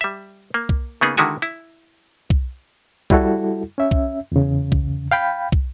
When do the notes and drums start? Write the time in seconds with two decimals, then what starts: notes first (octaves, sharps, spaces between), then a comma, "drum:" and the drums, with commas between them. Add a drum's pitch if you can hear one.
0.01 G3 E5
0.54 A#3
0.69 drum: kick
1.01 C#3 A#3 B3 D#4 G#4
1.17 D3 D#3 G#3 E4 F#4 G#5
1.42 E4
2.30 drum: kick
3.10 G3 E4 F#4 A4, drum: kick
3.78 C#4 E5
3.91 drum: kick
4.32 E2 C#3
4.72 drum: kick
5.11 F5 G5 B5
5.52 drum: kick